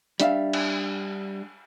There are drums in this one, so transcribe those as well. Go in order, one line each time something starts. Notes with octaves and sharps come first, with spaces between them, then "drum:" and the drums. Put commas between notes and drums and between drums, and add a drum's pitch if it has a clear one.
G3 D4 E5 F5, drum: hi-hat
drum: cymbal